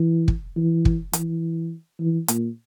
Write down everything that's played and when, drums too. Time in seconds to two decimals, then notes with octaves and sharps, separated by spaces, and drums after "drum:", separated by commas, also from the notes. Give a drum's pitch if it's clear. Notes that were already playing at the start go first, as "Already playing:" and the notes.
Already playing: E3
0.28 drum: kick
0.56 E3
0.85 drum: kick
1.13 E3, drum: hi-hat
2.00 E3
2.28 A#2, drum: hi-hat